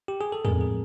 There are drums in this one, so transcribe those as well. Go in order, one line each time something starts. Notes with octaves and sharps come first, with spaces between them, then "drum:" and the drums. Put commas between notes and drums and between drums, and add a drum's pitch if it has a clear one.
G4
G#4
A4
A2 F3 G#3 C4 G#4 A#4, drum: tom E2
G#4